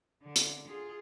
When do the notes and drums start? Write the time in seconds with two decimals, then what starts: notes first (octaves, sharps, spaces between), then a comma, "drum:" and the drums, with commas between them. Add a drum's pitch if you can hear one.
0.22 D3
0.36 drum: hi-hat
0.68 F4 G#4